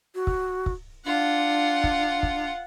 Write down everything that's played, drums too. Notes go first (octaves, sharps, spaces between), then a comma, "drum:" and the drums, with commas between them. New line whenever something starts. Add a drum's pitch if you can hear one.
F#4
drum: kick
drum: kick
D4 F4 F#5
drum: kick
drum: kick